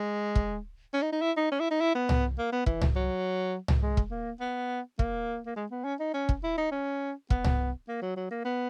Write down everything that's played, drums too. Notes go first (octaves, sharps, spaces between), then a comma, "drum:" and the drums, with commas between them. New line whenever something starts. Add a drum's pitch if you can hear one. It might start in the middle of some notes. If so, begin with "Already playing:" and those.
Already playing: G#3
drum: kick
C#4
D#4
D#4
E4
D#4
C#4
E4
D#4
E4
B3
drum: tom C2
A#3
B3
E3, drum: kick
drum: tom C2
F#3
drum: tom C2
G#3
drum: kick
A#3
B3
A#3, drum: kick
A#3
G#3
B3
C#4
D#4
C#4
drum: kick
E4
D#4
C#4
B3, drum: kick
drum: tom C2
A#3
F#3
F#3
A#3
B3